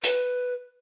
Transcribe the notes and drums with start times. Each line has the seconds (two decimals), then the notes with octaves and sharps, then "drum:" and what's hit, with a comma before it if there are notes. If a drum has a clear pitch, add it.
0.03 B4, drum: hi-hat